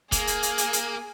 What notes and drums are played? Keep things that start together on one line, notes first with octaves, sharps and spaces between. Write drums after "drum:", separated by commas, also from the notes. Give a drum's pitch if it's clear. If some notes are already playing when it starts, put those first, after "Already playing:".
A#3 G#4, drum: kick, hi-hat
drum: hi-hat
drum: hi-hat
drum: hi-hat
drum: hi-hat